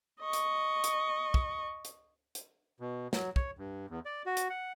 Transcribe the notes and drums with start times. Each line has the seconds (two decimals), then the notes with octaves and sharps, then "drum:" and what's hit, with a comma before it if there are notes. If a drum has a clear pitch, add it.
0.21 D#5 C#6
0.33 drum: hi-hat
0.84 drum: hi-hat
1.34 drum: kick
1.85 drum: hi-hat
2.35 drum: hi-hat
2.80 B2
3.13 F#3, drum: snare
3.36 C#5, drum: kick
3.59 G2
3.90 E2
4.05 D5
4.26 F#4
4.37 drum: hi-hat
4.50 F#5